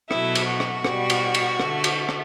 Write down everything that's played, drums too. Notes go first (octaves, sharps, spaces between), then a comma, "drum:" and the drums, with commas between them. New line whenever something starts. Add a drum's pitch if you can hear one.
B2 F#3 A3 E4, drum: rim click
drum: cymbal
F#4
drum: rim click
B2 G3, drum: rim click
drum: cymbal
drum: cymbal
D3 A3, drum: rim click
drum: cymbal
drum: rim click